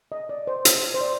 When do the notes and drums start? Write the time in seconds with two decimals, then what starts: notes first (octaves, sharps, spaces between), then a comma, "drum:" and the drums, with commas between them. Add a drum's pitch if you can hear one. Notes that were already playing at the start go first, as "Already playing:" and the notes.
0.12 D#5
0.29 D5
0.47 C5
0.65 C5, drum: hi-hat
0.94 C5
1.01 D5